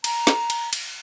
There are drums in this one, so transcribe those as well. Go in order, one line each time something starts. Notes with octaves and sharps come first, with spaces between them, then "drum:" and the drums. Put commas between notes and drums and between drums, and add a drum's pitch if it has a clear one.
A#5, drum: cymbal
drum: snare
drum: cymbal
drum: cymbal